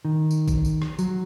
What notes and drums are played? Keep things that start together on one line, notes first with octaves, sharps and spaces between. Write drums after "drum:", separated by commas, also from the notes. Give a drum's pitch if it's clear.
D#3
drum: tambourine
drum: kick A1, tambourine
drum: tambourine
drum: rim click
F#3, drum: tambourine